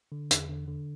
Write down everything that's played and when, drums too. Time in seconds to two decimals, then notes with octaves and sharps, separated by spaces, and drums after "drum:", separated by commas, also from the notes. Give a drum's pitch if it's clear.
0.12 D3
0.31 E2, drum: hi-hat
0.49 D3
0.67 D3